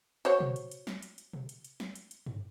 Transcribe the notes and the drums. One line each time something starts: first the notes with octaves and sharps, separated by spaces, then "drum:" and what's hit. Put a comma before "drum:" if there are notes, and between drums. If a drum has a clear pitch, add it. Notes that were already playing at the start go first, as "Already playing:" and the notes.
F#4 C5 C#5, drum: hi-hat
drum: tom
drum: hi-hat
drum: hi-hat
drum: snare
drum: hi-hat
drum: hi-hat
drum: tom
drum: hi-hat
drum: hi-hat
drum: snare
drum: hi-hat
drum: hi-hat
drum: tom